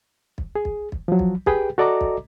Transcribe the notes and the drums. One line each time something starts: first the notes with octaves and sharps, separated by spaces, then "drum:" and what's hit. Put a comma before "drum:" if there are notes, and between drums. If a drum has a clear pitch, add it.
drum: kick
G#4
drum: kick
drum: kick
F3 F#3
drum: kick
G4 G#4 B4 G5, drum: kick
F#4 A4 D5 D#5 A#5 D6
drum: kick